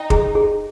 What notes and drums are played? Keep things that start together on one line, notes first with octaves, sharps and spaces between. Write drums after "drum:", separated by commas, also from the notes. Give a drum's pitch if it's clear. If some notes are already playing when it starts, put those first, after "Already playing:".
Already playing: D#4 G5
G#4, drum: kick
G#4